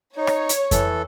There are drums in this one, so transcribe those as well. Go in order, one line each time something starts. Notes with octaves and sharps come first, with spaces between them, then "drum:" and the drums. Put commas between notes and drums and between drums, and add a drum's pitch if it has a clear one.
D#4 C#5
drum: rim click
drum: hi-hat
E3 A4, drum: kick F2, hi-hat